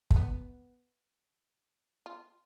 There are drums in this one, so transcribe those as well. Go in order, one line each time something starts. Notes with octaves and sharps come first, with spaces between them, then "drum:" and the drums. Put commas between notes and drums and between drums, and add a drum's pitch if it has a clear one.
A3, drum: kick
B3
F4